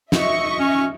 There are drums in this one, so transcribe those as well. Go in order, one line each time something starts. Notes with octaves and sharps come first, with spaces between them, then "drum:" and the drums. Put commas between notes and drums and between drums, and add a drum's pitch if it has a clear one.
D#5 E5 C#6, drum: snare
C#4